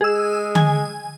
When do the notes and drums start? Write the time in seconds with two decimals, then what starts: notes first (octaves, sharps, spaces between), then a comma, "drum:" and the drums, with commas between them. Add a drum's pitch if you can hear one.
0.01 G#3 G#4 E6
0.55 G#5, drum: tom D3